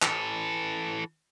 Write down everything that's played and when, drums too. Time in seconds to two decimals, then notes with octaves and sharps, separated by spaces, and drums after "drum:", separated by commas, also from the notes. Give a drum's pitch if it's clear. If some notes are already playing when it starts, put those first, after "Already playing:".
0.02 E3 A4, drum: clap